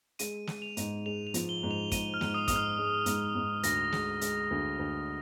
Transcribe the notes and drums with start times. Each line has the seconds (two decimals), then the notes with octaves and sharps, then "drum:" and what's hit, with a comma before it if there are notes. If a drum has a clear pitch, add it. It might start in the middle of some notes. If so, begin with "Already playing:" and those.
0.19 G#3 D#7, drum: hi-hat
0.47 G#3, drum: snare
0.62 F7
0.77 G#2, drum: hi-hat
1.06 G#3 F7
1.27 F7
1.34 F3, drum: hi-hat
1.49 G7
1.63 G#2
1.71 F7
1.92 G#2 D#7, drum: kick, hi-hat
2.14 F6
2.21 G#2, drum: snare
2.34 D#6
2.48 G#2 D#6, drum: kick, hi-hat
2.56 F6
2.78 G#3
3.06 G#2, drum: hi-hat
3.35 G#2
3.63 D2 A#6, drum: hi-hat
3.92 G#3, drum: snare
4.21 G#3, drum: hi-hat
4.51 D2
4.79 D2